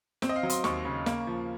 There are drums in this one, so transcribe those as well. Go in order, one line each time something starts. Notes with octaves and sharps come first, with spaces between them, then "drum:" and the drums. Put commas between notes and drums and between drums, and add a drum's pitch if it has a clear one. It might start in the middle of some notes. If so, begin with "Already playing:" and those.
C4, drum: snare
D#5
F5
F#3
C6, drum: hi-hat
D#2 C#6, drum: snare
C#3
A#3, drum: snare
F3